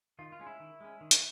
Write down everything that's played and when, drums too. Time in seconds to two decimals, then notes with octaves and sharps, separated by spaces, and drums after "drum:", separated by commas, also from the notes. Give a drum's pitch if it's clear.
0.19 D#3 F4
0.32 F4
0.39 G#3 C#4
0.47 E4
0.60 D#3
0.80 G#3 C#4
1.01 D#3
1.11 drum: hi-hat